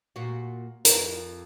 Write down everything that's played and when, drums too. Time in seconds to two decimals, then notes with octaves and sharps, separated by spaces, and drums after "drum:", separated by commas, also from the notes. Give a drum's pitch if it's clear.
0.16 A#2 F#4
0.85 F2 A#4, drum: hi-hat